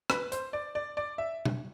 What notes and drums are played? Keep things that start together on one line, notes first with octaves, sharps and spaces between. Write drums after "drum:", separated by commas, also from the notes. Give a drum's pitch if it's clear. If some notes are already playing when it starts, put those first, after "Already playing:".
B4, drum: rim click
C5, drum: hi-hat
D5
D5
D5
E5
drum: tom